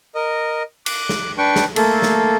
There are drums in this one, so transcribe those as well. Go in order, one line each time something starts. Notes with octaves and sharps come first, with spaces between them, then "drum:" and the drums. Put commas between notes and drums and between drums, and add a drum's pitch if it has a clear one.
A#4 D#5
D6 F#6, drum: cymbal
drum: snare
D4 B4 G5 C#6
drum: snare
A3 A#3 A4, drum: cymbal
drum: snare